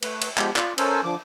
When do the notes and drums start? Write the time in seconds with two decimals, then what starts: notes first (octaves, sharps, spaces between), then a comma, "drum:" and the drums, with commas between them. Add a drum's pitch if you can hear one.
0.03 A3 B4, drum: cymbal
0.22 drum: cymbal
0.38 F3 G#3 B3 G4, drum: clap
0.56 F4 D5, drum: clap
0.78 C#4 A4 A#4 C5 G#5 E6, drum: cymbal
1.04 D3 F3 D6